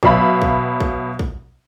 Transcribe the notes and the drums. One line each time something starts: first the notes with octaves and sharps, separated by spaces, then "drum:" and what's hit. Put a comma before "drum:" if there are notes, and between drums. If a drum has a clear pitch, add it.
B2 F#3 E5 F5 B5, drum: kick
drum: kick
drum: kick
drum: kick